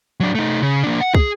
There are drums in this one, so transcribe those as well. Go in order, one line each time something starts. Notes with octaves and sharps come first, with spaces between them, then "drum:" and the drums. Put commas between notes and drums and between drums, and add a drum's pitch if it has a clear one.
F#3 D4
A3 D#4
C#3
A#3 D4
F#5
G#4, drum: kick